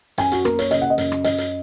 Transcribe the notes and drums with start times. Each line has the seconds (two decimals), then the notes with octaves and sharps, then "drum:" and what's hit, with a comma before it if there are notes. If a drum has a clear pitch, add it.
0.18 F#2 G#5, drum: hi-hat
0.32 F#4, drum: hi-hat
0.45 A#3 A#4, drum: rim click
0.59 C#5, drum: hi-hat
0.71 C#3 D#5, drum: hi-hat
0.81 F#5
0.90 D#5
0.98 F#2, drum: hi-hat
1.12 drum: rim click
1.24 F#2 D#5, drum: hi-hat
1.38 drum: hi-hat